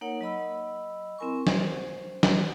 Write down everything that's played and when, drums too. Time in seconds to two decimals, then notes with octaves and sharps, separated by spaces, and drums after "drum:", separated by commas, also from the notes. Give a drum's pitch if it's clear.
0.01 A#3 D#4 A#4 C#5 F#5
0.21 F#3 D#5 B5 E6
1.18 C4 E4 A#4 G#5 C6 C#6
1.47 C5, drum: snare
2.23 drum: snare